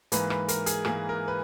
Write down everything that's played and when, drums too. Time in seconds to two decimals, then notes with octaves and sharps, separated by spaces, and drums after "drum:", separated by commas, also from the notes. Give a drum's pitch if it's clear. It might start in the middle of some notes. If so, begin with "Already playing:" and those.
0.12 G#2 E3 A#3 B4, drum: hi-hat
0.30 B4, drum: rim click
0.48 A#4, drum: hi-hat
0.66 G#4, drum: hi-hat
0.85 G#2 E3 A#3 G#4, drum: rim click
1.09 A#4
1.28 B4